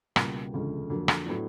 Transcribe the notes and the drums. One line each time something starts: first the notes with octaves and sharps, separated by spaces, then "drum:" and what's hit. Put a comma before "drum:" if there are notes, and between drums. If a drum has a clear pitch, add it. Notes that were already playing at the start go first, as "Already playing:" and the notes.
C#2 B2 G3 A#3, drum: rim click
E1 D2 C#3 F3 G#3
F2 D3 F#3 A#3
drum: rim click
A2 F#3 B3 D4